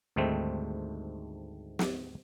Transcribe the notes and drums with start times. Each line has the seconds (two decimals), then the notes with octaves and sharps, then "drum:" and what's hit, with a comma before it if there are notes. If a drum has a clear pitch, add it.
0.16 D2 G#2 D#3 G3 A3 C4
1.79 drum: snare